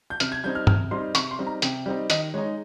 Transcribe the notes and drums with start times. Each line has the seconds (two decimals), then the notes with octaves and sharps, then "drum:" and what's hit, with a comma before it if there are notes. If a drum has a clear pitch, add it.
0.10 G6
0.20 C3 F6, drum: hi-hat
0.32 G#6
0.44 G3 C4 D#4 G6
0.55 F6
0.67 C3 F6, drum: tom
0.91 G3 C4 D#4 C6
1.15 C3 C#6, drum: hi-hat
1.31 C6
1.39 G3 C4 D#4
1.47 A#5
1.62 C3 G5, drum: hi-hat
1.86 G3 C4 D#4
2.10 D#3 D#5, drum: hi-hat
2.34 G#3 D#4 C#5